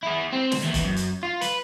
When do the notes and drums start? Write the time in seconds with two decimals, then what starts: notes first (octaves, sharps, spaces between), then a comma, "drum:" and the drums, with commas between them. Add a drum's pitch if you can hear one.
0.03 E4 G#4
0.32 C4
0.52 drum: snare
0.62 D#2 E3
0.74 drum: kick, hi-hat
0.83 F#2
0.96 drum: hi-hat
1.23 F4
1.41 B4, drum: hi-hat